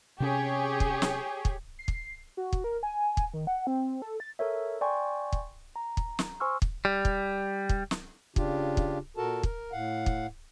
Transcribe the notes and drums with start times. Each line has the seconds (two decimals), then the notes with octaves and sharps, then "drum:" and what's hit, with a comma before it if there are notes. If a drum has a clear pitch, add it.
0.20 C3 C#4 G4 G#4 C#5
0.80 drum: kick
1.02 drum: snare
1.45 drum: kick
1.79 C7
1.88 drum: kick
2.37 F#4
2.53 drum: kick
2.64 A#4
2.83 G#5
3.17 drum: kick
3.34 D#3
3.47 F#5
3.67 C4
4.02 A4
4.20 A6
4.39 A4 A#4 C#5 E5
4.81 D5 G5 G#5 C6 C#6
5.33 drum: kick
5.76 A#5
5.97 drum: kick
6.19 drum: snare
6.40 C5 G#5 C6 C#6 E6 F6
6.62 drum: kick
6.85 G3
7.05 drum: kick
7.69 drum: kick
7.91 drum: snare
8.36 C#3 D4 F4 G4, drum: kick
8.77 drum: kick
9.17 A#2 F#4 A4 A#4 A5
9.43 A#4, drum: kick
9.72 A2 F5 F#5
10.06 drum: kick